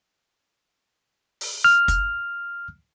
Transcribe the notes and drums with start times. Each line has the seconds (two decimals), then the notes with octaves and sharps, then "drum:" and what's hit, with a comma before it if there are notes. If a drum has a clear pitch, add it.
1.41 drum: open hi-hat
1.64 F6
1.88 drum: kick, hi-hat